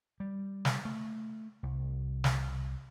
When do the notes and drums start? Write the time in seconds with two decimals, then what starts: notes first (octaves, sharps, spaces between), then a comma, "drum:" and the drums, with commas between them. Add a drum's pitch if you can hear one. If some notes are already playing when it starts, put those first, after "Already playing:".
0.20 G3
0.65 drum: snare
0.85 A3
1.63 C2
2.24 drum: snare